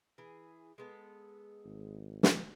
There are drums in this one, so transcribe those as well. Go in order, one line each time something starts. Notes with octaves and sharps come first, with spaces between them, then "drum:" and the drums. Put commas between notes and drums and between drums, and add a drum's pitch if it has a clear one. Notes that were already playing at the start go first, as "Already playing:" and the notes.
E3 G#4
G#3 B3 A4
G#1
drum: snare